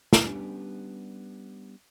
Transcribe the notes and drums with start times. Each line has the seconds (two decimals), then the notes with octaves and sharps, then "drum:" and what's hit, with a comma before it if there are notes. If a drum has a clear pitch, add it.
0.13 drum: snare
0.24 G3 B3 C#4 D4 F4 G4